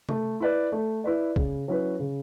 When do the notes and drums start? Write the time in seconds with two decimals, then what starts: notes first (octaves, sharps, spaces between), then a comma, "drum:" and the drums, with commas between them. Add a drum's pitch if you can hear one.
0.09 A3, drum: tom C3
0.40 E4 B4 D5
0.72 A3
1.04 E4 B4 D5
1.36 C#3, drum: kick
1.68 F#3 C#4 E4 B4
1.99 C#3